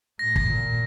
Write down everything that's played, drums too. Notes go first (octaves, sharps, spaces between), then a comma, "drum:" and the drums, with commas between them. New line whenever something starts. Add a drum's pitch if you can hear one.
A2 A#6
drum: kick
A#2